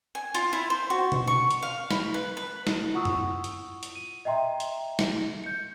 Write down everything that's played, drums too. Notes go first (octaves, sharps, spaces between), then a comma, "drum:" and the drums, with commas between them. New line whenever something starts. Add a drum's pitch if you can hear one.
G#5
F4, drum: hi-hat
E4
C5
F#4
drum: tom B2
C#6
drum: hi-hat
F5
B5, drum: snare
B4
B4
drum: snare
E4 F4 F#5 C#6 D#6 E6
drum: tom F#2
drum: hi-hat
drum: hi-hat
D#7
D#5 E5 G5 A#5 C6
drum: hi-hat
drum: snare
G6 C#7